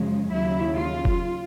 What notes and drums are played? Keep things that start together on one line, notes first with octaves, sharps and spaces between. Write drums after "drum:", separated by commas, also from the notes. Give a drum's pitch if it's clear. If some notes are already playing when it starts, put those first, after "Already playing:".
Already playing: F#2 C#3 F3 G#3
D#2 C#3 F#3 E4
F4
drum: kick